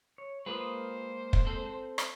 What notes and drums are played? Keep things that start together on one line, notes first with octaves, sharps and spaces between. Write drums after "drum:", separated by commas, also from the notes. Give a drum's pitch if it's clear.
C#5
G#3 A#3 F4 B4 C5 D#6
drum: kick
C4 A4
drum: rim click